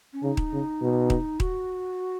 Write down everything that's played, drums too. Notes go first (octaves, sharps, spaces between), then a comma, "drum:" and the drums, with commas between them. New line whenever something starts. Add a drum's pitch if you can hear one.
C#4
C#3 D#4
drum: kick D#1
C#3
B2
drum: kick D#1
F#4, drum: kick D#1